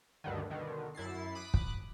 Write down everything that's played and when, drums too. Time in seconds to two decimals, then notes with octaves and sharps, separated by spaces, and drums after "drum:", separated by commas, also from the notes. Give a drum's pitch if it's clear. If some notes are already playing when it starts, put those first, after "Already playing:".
0.24 D2 G2 D3 D#3
0.50 B2 D3 D#3
0.95 F#2 E4 A6 C7
1.35 B5 D6 D#6 F#6
1.54 drum: kick